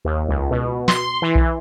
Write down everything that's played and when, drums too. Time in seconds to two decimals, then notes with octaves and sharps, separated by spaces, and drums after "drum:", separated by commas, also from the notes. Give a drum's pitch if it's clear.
0.05 D#2
0.28 C#2
0.50 B2
0.88 C6, drum: snare
1.22 E3
1.35 drum: kick B1